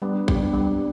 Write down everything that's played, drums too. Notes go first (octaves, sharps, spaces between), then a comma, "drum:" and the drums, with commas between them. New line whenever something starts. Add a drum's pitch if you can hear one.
G3 B3 D4
G3 C4, drum: kick A#1
B3 D4
G3